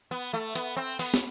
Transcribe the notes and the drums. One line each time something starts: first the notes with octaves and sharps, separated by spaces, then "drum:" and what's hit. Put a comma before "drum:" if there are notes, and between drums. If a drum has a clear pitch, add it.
B3
A3
B3, drum: hi-hat
C4
B3, drum: open hi-hat
drum: snare